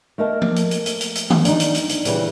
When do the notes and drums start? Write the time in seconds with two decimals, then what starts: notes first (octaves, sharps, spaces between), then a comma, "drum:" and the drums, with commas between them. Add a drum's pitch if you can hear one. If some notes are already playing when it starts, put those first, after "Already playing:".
0.18 A3 A#3 A#4 D#5 A5
0.42 drum: tom F3
0.56 drum: hi-hat
0.71 drum: hi-hat
0.86 drum: hi-hat
1.01 drum: hi-hat
1.15 drum: hi-hat
1.30 drum: tom D#3
1.45 D4 D#4, drum: hi-hat
1.60 drum: hi-hat
1.74 drum: hi-hat
1.89 drum: hi-hat
2.05 A#2 C#3 E3 G3 C#4, drum: hi-hat